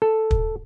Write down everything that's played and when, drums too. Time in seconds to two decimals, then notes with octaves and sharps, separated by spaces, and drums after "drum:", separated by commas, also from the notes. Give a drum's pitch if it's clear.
0.02 A4
0.31 drum: kick